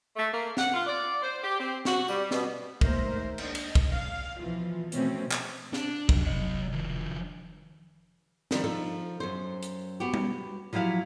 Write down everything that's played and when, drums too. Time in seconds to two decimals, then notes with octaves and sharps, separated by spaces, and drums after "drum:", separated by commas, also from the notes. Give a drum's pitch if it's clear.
0.17 A3
0.32 A#3
0.57 F#5, drum: snare
0.74 F4
0.87 D5
1.22 C5
1.43 G4
1.59 C4
1.85 F#4, drum: snare
2.08 G3, drum: tambourine
2.31 B2, drum: snare
2.81 D#2 G#3 A3 A#4 C5 E5, drum: kick
3.38 D4 D#5, drum: cymbal
3.55 drum: cymbal
3.75 drum: kick
3.94 F5
4.39 B2 E3 F3 F4
4.92 B2 F3 A3 C4 C#4, drum: hi-hat
5.31 drum: clap
5.73 D4, drum: snare
6.09 F1 F#3 A4, drum: kick
6.24 F#3 D#5
6.72 D#3 F3
8.51 D3 D#3 F3 G3 D4 D#4, drum: snare
8.64 F3 D#4 A4
9.20 F#2 A4 C5
9.63 drum: hi-hat
10.00 B3 F#4 G4
10.14 drum: tom G3
10.73 F3 F#3 E4 G4 F5